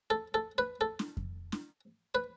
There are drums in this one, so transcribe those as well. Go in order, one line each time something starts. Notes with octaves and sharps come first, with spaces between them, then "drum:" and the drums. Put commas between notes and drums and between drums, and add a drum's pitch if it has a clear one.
A4
A4
B4
A4
drum: snare
drum: kick F2
drum: snare
B4